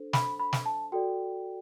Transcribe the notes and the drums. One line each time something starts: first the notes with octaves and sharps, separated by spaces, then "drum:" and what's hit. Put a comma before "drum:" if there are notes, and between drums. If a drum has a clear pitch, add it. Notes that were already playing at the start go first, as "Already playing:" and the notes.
Already playing: D4 A4 C5
B5, drum: snare
B5
drum: snare
A5
F#4 A4 D5 G5